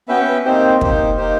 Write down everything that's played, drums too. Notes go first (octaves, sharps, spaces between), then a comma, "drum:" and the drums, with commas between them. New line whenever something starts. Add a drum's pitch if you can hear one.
B3 C#4 F#4 B4 E5 G5
A#3 C4 D#4 G4 C5
A#3 D#4 G4 C5, drum: kick
A#3 D#4 G4 C5